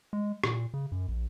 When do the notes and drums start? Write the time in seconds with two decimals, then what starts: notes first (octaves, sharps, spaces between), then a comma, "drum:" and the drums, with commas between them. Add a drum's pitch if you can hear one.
0.13 G#3
0.44 A#2, drum: rim click
0.74 C#3
0.92 F#2
1.08 A#1